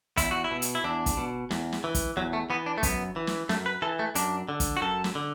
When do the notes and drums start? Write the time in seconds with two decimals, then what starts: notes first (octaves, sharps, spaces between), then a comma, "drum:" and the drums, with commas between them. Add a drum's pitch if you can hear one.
0.17 E2 E4, drum: kick, hi-hat
0.31 F#4
0.44 E4
0.51 B2
0.62 drum: hi-hat
0.75 E4
0.84 E2 D4
1.06 drum: kick, hi-hat
1.17 B2
1.51 E2, drum: snare
1.72 drum: snare
1.84 E3
1.95 drum: kick, hi-hat
2.17 E2 F#3
2.33 A3
2.50 E3 B3
2.66 D4
2.78 A3
2.83 F#2 B3, drum: kick, hi-hat
3.16 E3
3.27 drum: snare
3.49 F#2 A3, drum: snare
3.66 B4
3.82 E3 A4
3.99 A3
4.15 F#2 D4, drum: hi-hat
4.49 D3
4.60 drum: kick, hi-hat
4.77 F#4
4.82 F#2 A4
5.04 drum: snare
5.15 D3